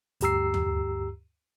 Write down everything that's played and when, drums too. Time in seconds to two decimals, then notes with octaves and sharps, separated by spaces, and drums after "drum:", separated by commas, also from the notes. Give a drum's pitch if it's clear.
0.21 D2 G2 G4 A#5 E6 C7, drum: hi-hat
0.54 drum: tom